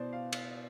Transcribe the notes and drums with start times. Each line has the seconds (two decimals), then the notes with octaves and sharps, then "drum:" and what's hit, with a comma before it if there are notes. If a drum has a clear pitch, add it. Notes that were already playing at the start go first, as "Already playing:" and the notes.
Already playing: B2 B3 E4 C5 D5
0.12 F5
0.33 drum: cymbal